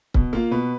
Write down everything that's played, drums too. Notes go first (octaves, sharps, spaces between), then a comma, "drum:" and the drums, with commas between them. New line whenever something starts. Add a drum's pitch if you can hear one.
B2, drum: kick C#1
A#3 F4
B2 B4